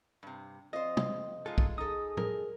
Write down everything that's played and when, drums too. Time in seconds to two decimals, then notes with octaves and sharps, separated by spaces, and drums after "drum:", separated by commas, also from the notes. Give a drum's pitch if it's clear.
0.23 G2 C3
0.73 F2 C4 F4 C5 D#5
0.97 drum: tom
1.46 G#3 D#4 F4 A4
1.58 drum: kick
1.78 D#4 G#4 A4 D#6
2.17 A#4, drum: tom A2